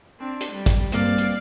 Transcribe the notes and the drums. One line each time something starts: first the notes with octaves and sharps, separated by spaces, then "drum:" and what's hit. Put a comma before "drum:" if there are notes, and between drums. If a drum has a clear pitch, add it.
C4 D4
drum: hi-hat
G3
drum: kick, hi-hat
G2 A#3 C4 D5 F5, drum: hi-hat
drum: hi-hat